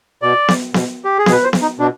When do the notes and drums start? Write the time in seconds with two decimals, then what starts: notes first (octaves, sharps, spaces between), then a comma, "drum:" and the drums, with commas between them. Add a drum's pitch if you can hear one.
0.22 B2 D5
0.48 drum: snare B3
0.74 B2, drum: snare B3
1.04 G4
1.18 G#4
1.26 B2, drum: snare B3
1.31 B4
1.44 C5
1.53 drum: snare B3
1.62 D#4
1.79 B2 D4